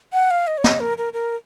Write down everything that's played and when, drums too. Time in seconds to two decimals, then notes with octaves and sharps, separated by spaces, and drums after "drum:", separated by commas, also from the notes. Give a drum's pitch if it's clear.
0.13 F#5
0.31 F5
0.47 D#5
0.58 C#5
0.64 D#5, drum: snare
0.80 A#4
0.98 A#4
1.13 A#4